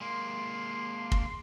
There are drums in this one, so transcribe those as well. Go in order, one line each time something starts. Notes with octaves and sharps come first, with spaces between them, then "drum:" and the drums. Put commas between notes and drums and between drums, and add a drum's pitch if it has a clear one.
G#3 A#3 C6
drum: kick